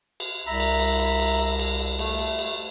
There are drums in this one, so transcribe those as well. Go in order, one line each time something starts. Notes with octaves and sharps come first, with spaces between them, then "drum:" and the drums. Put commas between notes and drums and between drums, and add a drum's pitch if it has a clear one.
drum: cymbal
C2 E5 A#5 B5
drum: cymbal
drum: cymbal
drum: cymbal
drum: cymbal
drum: cymbal
drum: cymbal
drum: cymbal
A3, drum: cymbal
drum: cymbal
drum: cymbal